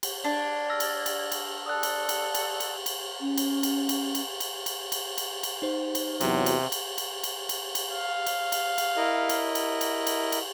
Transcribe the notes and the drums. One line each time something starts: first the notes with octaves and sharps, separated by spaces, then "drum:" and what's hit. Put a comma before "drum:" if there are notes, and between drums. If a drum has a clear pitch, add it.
drum: cymbal
D4 D5 G#6
E6 F6 A#6
drum: cymbal
drum: cymbal
drum: cymbal
A4 D5 D#6 E6 F#6
drum: cymbal
drum: cymbal
drum: cymbal
drum: cymbal
drum: cymbal
C#4
drum: cymbal
drum: cymbal
drum: cymbal
drum: cymbal
drum: cymbal
drum: cymbal
drum: cymbal
drum: cymbal
drum: cymbal
D#4 C5
drum: cymbal
E2 C3 F#3, drum: cymbal
drum: cymbal
drum: cymbal
drum: cymbal
drum: cymbal
drum: cymbal
drum: cymbal
F5
drum: cymbal
drum: cymbal
drum: cymbal
E4 A#4 D#5
drum: cymbal
drum: cymbal
drum: cymbal
drum: cymbal
drum: cymbal